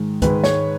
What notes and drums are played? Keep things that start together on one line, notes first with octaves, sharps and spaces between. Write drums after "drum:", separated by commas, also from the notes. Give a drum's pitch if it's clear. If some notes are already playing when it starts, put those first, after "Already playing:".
Already playing: G#2 D#3 G#3
G#2 D#3 G#3 B4, drum: kick, hi-hat
C#5, drum: snare